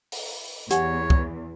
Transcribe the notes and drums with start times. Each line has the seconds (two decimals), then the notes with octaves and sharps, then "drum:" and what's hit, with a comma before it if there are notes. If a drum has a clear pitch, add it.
0.12 drum: open hi-hat
0.71 E2 G4 C#5 F#5 G#5, drum: hi-hat
1.10 drum: kick C2